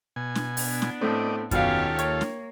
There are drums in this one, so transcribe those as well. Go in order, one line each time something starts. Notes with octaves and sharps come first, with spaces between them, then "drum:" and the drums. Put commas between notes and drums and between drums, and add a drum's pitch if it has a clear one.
B2 G#5
drum: snare
B3 D4, drum: open hi-hat
drum: snare
A2 A3 C4 D5 D#5
D#2 B2 C#4 F4 G4 A4 C#5 F5, drum: kick F#2, hi-hat
A#3 C#5, drum: hi-hat
drum: snare